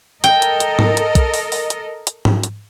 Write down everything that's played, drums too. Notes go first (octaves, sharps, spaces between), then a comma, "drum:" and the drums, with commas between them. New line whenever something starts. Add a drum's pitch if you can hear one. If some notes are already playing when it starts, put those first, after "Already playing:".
A4 A#4 D#5 G5, drum: hi-hat
drum: hi-hat
drum: hi-hat
drum: tom G#2
drum: hi-hat
drum: kick, hi-hat
drum: open hi-hat
drum: open hi-hat
drum: hi-hat
drum: hi-hat
drum: tom G#2
drum: hi-hat